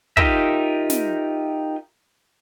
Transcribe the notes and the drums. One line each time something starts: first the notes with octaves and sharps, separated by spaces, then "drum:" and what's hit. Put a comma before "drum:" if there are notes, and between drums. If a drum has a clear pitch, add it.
D#4 F4 G4 A#4 E5, drum: kick
drum: snare